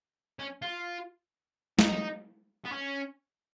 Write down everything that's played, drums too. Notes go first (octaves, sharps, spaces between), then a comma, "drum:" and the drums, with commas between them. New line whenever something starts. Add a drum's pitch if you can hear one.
C#4
F4
D#4, drum: snare
B3
C#4